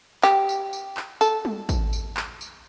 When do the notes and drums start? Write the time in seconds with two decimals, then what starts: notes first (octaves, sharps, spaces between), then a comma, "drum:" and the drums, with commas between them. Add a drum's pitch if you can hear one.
0.23 G4, drum: clap
0.49 drum: tambourine
0.73 drum: tambourine
0.97 drum: clap
1.21 A4, drum: tambourine
1.45 drum: tom G3
1.69 drum: kick, tambourine
1.93 drum: tambourine
2.17 drum: clap
2.41 drum: tambourine